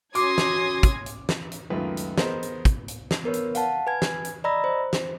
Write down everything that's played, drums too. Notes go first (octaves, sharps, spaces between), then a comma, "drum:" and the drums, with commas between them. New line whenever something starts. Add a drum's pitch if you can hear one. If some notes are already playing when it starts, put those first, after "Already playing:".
C#4 F#4 C6 D6 D#6 G#6 A#6, drum: hi-hat
drum: snare
drum: kick, hi-hat
drum: hi-hat
drum: snare
drum: hi-hat
C#2 F#2 D#3 A3 F4 B4
drum: hi-hat
B3 G#4 A#4 C5 D#5, drum: snare
drum: hi-hat
drum: kick, hi-hat
drum: hi-hat
drum: snare
B3 A#4 B4 C#5
drum: hi-hat
F5 F#5 A5, drum: hi-hat
B4 G#5 G#6
drum: snare
drum: hi-hat
D5 D#5 A#5 B5 E6 A#6
C5
drum: snare